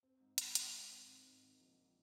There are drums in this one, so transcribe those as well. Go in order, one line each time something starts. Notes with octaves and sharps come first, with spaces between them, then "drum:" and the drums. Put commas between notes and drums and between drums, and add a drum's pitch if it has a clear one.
C4
G#2
G#2, drum: hi-hat
G#2, drum: hi-hat
C4
C4
D#3
G#2
D#3
A#1